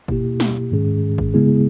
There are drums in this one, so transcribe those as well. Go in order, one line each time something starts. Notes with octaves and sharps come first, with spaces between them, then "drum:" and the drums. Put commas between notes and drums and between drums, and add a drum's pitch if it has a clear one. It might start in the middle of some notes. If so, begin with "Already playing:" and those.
B2 A#3 E4 G4, drum: kick
drum: snare
G#2 D#3 G#3 C#4 G#4
drum: kick
C#3 G#3 B3 E4 G#4